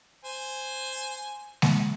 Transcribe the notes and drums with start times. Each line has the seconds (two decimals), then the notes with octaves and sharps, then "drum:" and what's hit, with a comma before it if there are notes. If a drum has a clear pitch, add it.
0.25 C5 G#5
1.62 drum: snare G#3